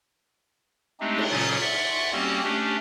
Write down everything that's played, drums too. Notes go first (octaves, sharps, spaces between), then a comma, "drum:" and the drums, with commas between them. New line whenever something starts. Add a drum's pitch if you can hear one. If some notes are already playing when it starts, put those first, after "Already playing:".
G#3 A3 C4 D4 D#4 G4
drum: cymbal
A#2 C#3 F#3 C#4 F4
D5 E5 F#5 C6 C#6
G3 A#3 C4 C#4 F#4 G4
A3 C#4 D4 G4